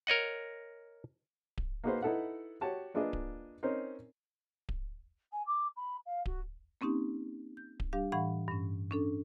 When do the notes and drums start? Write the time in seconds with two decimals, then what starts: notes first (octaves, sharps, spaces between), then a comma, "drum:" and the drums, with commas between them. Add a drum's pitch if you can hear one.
0.07 A#4 C#5 D#5 F#5
1.58 drum: kick D1
1.84 A#3 D#4 F#4 G#4 B4 C5
2.02 D#4 E4 A4 B4 F#5
2.61 F#4 G4 C#5 A5
2.94 A#3 D4 F4 G#4 B4 D#5
3.13 drum: kick D1
3.63 C4 C#4 D#4 A#4 C5
4.69 drum: kick D1
5.32 G#5
5.46 D6
5.76 B5
6.06 F5
6.26 F#4, drum: kick D1
6.81 A#3 C4 C#4 D#4 G4
7.57 G6
7.80 drum: kick D1
7.93 G3 D4 G4 F5
8.12 A2 E3 F5 F#5 B5
8.48 G2 C#4
8.91 C#4 D4 A4